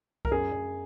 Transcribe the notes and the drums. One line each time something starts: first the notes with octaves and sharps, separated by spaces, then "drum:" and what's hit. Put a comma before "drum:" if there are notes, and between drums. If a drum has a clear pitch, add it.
A#4, drum: kick C2
F#2 G#4
F#2